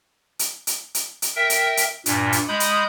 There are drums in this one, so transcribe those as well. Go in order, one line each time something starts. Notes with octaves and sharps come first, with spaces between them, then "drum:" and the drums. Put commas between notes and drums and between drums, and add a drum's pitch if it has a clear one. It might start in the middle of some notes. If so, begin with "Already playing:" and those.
drum: hi-hat
drum: hi-hat
drum: hi-hat
drum: hi-hat
A#4 E5 G5
drum: hi-hat
drum: hi-hat
G2 A#2, drum: hi-hat
drum: hi-hat
G#3 B5 D#6 G6
drum: hi-hat